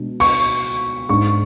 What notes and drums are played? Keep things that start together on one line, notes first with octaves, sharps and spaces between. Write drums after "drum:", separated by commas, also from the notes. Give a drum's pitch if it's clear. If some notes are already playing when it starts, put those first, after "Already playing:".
Already playing: B2 G#3 D4
C#6, drum: open hi-hat
G#2 G#3 D4 C#6